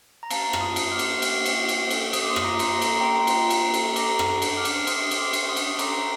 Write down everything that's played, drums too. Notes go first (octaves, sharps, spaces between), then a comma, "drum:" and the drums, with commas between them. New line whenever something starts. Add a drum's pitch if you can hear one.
A#5
A#3 F5 A5, drum: cymbal
F4, drum: rim click
C6 D#6
A#3, drum: cymbal
D6 F6
A4, drum: cymbal
A#3, drum: cymbal
F4, drum: cymbal
A#3, drum: cymbal
A4, drum: cymbal
A#3 D#6, drum: cymbal
D6
C6 D#6
F4, drum: rim click
A#5 D6
A#3, drum: cymbal
A#5
A4, drum: cymbal
C6
A#3 G5 A#5
F4, drum: cymbal
A#3, drum: cymbal
A4, drum: cymbal
A4 A#5 D6, drum: cymbal
A4, drum: rim click
D4, drum: cymbal
D6 F6
D4, drum: cymbal
A4 C6 D#6, drum: cymbal
A4, drum: cymbal
D6 F6
D4, drum: cymbal
C6 D#6
D4, drum: cymbal
A4 A#5 D6, drum: cymbal